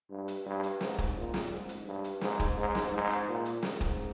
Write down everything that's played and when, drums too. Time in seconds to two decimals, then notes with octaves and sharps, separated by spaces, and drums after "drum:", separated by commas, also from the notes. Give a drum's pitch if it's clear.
0.10 G2
0.28 drum: hi-hat
0.46 G2
0.63 drum: hi-hat
0.81 G#2, drum: snare
0.98 drum: kick, hi-hat
1.17 A#2
1.34 drum: snare
1.52 G#2
1.69 drum: hi-hat
1.86 G2
2.04 drum: hi-hat
2.21 G#2, drum: snare
2.40 drum: kick, hi-hat
2.57 G#2
2.75 drum: snare
2.92 G#2
3.10 drum: hi-hat
3.28 A#2
3.45 drum: hi-hat
3.63 G#2, drum: snare
3.81 drum: kick, hi-hat